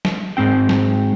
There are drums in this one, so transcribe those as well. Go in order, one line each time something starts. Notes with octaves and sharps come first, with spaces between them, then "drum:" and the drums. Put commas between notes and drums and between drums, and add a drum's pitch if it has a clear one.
drum: snare
G#2 C4 G5
drum: snare